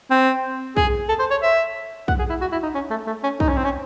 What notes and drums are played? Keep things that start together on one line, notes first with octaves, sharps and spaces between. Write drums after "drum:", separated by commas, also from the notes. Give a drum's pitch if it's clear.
C4
G#4, drum: kick
A4
C5
C#5
E5
F#5, drum: kick
G#4
E4
F#4
E4
D#4
C#4
A3
A3
C#4
D#4, drum: kick
C#4
C4
C#4